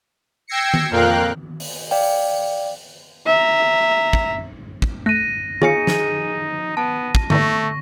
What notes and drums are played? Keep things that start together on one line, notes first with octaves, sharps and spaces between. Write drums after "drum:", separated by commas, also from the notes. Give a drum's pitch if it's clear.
G5 E6 G#6 A#6 C7 C#7
drum: tom D#3
F2 A#2 A#4 F5 G5 F#6
drum: open hi-hat
D5 F5 G5, drum: open hi-hat
E5 A#5
drum: kick
drum: kick
A3 F#6 A#6 D#7
D#4 F4 G#4 C#5 F5 G#5 C#7, drum: tom D#3
drum: snare
B3 A5
drum: kick
G#2 E3 G3 A3 C#6 A#6, drum: tom D3